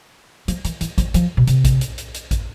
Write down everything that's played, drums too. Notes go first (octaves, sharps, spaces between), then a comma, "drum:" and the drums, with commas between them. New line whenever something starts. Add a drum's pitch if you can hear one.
F3, drum: hi-hat
E3, drum: hi-hat
E3, drum: hi-hat
F3, drum: kick A1, hi-hat
F3, drum: hi-hat
B2
C3, drum: hi-hat
drum: kick A1, hi-hat
drum: hi-hat
drum: hi-hat
drum: hi-hat
drum: kick A1, hi-hat